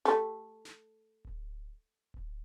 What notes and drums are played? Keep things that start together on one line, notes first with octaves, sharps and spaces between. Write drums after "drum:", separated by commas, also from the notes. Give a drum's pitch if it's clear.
A3 G4, drum: snare
drum: snare
drum: kick D1
drum: kick D1